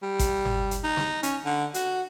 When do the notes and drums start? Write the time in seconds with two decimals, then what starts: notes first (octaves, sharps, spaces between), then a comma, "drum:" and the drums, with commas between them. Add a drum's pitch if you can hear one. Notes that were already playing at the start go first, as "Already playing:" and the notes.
0.03 G3
0.19 drum: kick A1, hi-hat
0.45 drum: tom G1
0.71 drum: hi-hat
0.84 D#4
0.97 drum: snare
1.23 C#4, drum: hi-hat
1.45 D3
1.74 F#4, drum: hi-hat